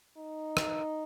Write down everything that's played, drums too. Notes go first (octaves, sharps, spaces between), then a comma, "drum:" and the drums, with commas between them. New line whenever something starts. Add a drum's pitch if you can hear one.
D#4
drum: rim click